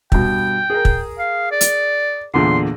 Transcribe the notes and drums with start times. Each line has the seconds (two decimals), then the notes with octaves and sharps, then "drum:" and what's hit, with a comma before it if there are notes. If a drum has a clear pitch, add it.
0.12 G2 B2 G5, drum: kick
0.70 G#4 A#4
0.85 drum: kick
1.19 F5
1.52 D5
1.61 drum: hi-hat
2.34 E2 A#2 D3 C6